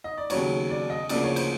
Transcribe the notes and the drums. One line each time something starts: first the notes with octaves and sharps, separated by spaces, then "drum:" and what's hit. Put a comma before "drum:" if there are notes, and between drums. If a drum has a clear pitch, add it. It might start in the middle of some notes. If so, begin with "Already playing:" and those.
D#5
D5
D#2 C#3 F#3 B3 C#5, drum: cymbal
D5
D#5
D2 C#3 F3 A#3 D5, drum: cymbal
C#5
C5, drum: cymbal